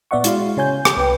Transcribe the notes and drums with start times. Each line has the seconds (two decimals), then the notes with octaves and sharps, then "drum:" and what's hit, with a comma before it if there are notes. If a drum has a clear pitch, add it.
0.11 A#2 B3 D5 E5 F#5 C#6
0.24 G#3 E4 F#4 F5 C6, drum: hi-hat
0.57 C#3 C#5 G#5 G6
0.85 drum: rim click
0.97 C2 B4 G5